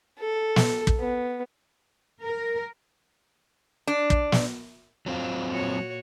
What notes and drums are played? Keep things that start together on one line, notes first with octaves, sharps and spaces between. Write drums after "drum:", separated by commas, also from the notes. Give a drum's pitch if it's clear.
A4
drum: snare
drum: kick
B3
A#4
D4
drum: kick
drum: snare
F#3 C4 F4
A#2 F#4 C#5